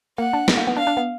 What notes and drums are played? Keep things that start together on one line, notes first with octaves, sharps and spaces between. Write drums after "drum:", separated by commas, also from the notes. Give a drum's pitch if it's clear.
A#3 F#5
D4
B3, drum: snare
A#3
B3
D4 F5
D4
B3